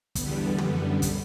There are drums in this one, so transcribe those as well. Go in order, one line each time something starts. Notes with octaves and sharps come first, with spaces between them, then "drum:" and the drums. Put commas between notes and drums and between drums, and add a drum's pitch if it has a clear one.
E2 D3 G3 B3, drum: kick, hi-hat
F#2 D3 G3 B3, drum: tom
drum: kick, hi-hat